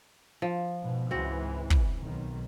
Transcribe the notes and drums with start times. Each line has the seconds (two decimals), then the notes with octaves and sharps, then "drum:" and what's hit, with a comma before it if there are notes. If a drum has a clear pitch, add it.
0.42 F3
0.81 G#2 B2
1.11 C#2 G#2 E3 C4 F#4
1.70 drum: kick
1.99 B1 D#3